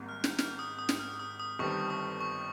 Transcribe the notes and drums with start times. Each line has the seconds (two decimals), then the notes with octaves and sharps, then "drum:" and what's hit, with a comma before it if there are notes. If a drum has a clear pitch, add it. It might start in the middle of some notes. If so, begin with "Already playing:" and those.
Already playing: G#1 G#2 G3 A#3
0.09 F6
0.24 G6, drum: snare
0.39 F6, drum: snare
0.59 D#6
0.79 D#6
0.89 drum: snare
0.99 F6
1.20 D#6
1.40 D#6
1.59 G1 G2 D#3 G3 C4 C#6
1.90 D#6
2.21 C#6